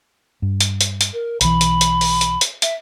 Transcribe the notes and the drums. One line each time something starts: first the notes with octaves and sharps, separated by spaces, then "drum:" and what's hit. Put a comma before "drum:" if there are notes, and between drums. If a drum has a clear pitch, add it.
G2
drum: hi-hat
drum: hi-hat
drum: hi-hat
A#4
B1 E3 B5, drum: hi-hat
drum: hi-hat
drum: hi-hat
drum: open hi-hat
drum: hi-hat
drum: hi-hat
E5, drum: hi-hat